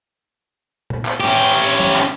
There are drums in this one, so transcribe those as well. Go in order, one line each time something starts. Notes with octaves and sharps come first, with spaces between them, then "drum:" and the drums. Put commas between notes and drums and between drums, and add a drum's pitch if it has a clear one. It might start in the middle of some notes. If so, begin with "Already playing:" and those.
drum: tom A#2
drum: clap
C#4 G4
drum: tom
drum: clap